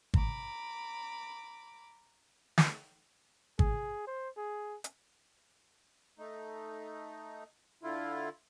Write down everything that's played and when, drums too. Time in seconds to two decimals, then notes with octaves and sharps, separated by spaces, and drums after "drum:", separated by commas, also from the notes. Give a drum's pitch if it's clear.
0.14 A#5 B5 D6, drum: kick
2.58 drum: snare
3.59 G#4, drum: kick
4.07 C5
4.37 G#4
4.84 drum: hi-hat
6.19 A3 D#4
7.83 D3 E4 F4